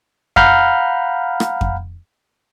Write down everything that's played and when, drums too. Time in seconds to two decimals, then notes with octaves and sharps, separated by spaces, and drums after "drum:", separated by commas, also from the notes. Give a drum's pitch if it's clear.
0.36 F5 F#5 A#5 B5 F6 G6, drum: kick F2
1.40 drum: rim click
1.61 drum: kick F2